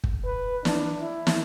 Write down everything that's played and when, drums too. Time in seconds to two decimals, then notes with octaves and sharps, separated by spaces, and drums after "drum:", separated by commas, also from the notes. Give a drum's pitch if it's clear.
0.04 drum: kick
0.25 B4
0.65 D4, drum: snare
1.01 E4
1.27 drum: snare